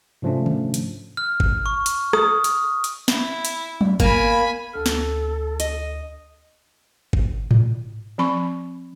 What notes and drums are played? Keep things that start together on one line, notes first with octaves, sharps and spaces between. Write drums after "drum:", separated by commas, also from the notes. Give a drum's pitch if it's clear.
G#2 C3 F3 A3 C#4 D4
drum: tom D3
drum: hi-hat
F6
drum: kick G1
C#6
drum: hi-hat
D#6, drum: rim click
drum: hi-hat
drum: hi-hat
E4, drum: snare
drum: hi-hat
drum: tom F#3
A#3 G#5 B5, drum: kick G1
D2 A4 F6
drum: snare
D#5, drum: hi-hat
drum: kick G1
drum: tom G#2
F3 C4 B5 C#6